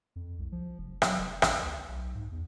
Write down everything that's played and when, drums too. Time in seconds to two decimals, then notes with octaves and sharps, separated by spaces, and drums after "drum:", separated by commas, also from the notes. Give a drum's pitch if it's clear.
0.16 F2
0.39 C2
0.52 F3
0.79 F1
1.02 F#3, drum: rim click
1.19 F1
1.42 A1, drum: rim click
1.63 D2
1.88 B1
2.15 G#2
2.31 E2